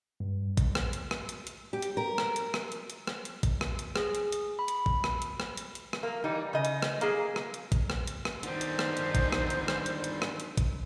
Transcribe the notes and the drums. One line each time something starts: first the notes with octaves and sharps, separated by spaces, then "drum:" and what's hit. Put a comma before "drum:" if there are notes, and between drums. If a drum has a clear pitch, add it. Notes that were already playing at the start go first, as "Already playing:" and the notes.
G2
drum: kick, hi-hat
drum: rim click
drum: hi-hat
drum: rim click
drum: hi-hat
drum: hi-hat
G4
drum: hi-hat
A#4
drum: rim click
drum: hi-hat
drum: rim click
drum: hi-hat
drum: hi-hat
drum: rim click
drum: hi-hat
drum: kick, hi-hat
drum: rim click
drum: hi-hat
G#4, drum: rim click
drum: hi-hat
drum: hi-hat
B5
drum: hi-hat
drum: kick
drum: rim click
drum: hi-hat
drum: rim click
drum: hi-hat
drum: hi-hat
drum: rim click
A#3
E3 G3 D#4
C#3 D#5
drum: hi-hat
drum: rim click
A#3 G#4, drum: hi-hat
drum: rim click
drum: hi-hat
drum: kick, hi-hat
drum: rim click
drum: hi-hat
drum: rim click
D3 D#3 G3 D#4 C5, drum: hi-hat
drum: hi-hat
drum: rim click
drum: hi-hat
drum: kick, hi-hat
drum: rim click
drum: hi-hat
drum: rim click
drum: hi-hat
drum: hi-hat
drum: rim click
drum: hi-hat
drum: kick, hi-hat